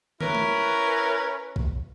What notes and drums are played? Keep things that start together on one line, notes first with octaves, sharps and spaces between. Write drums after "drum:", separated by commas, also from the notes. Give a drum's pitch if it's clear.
C#4 E4 A#4 B4, drum: tom
drum: tom
drum: kick